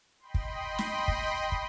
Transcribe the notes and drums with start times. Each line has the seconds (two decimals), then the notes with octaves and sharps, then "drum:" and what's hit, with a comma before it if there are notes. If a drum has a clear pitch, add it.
0.20 D#5 G5 B5 C6
0.34 drum: kick
0.78 drum: snare
1.08 drum: kick
1.52 drum: kick